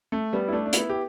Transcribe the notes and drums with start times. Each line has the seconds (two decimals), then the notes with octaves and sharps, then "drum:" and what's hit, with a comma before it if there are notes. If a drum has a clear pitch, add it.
0.12 A3
0.33 G3 B3
0.48 E4
0.52 A3 D4
0.66 D4
0.73 B3 E4, drum: hi-hat
0.90 G4